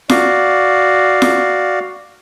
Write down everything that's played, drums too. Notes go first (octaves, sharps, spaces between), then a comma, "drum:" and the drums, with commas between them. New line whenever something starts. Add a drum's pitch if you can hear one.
F#4 D5 F5, drum: snare
drum: snare